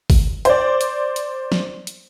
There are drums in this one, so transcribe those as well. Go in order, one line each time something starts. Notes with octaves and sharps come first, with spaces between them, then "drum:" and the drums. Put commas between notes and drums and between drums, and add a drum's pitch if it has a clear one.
drum: kick, open hi-hat
C5 D5, drum: hi-hat
drum: hi-hat
drum: hi-hat
drum: snare
drum: hi-hat